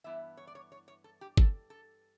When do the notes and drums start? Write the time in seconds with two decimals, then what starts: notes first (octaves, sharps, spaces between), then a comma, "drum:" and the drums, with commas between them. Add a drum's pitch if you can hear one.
0.04 G2 E3 B3 E4 E5
0.37 C#5
0.47 D5
0.55 C#5
0.72 C#5
0.88 C#5
1.04 A4
1.21 G4
1.37 A4, drum: kick G1
1.70 A4